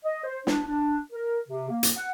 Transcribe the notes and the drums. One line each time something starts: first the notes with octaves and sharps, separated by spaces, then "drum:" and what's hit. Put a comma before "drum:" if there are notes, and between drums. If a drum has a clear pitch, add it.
D#5
C5
D4, drum: snare
D4
A#4
C3
A#3
drum: hi-hat
F#5